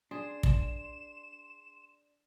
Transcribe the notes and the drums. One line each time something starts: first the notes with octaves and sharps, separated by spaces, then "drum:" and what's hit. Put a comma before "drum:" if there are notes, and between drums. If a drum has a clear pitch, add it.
D4 G#4 C6 E7
drum: kick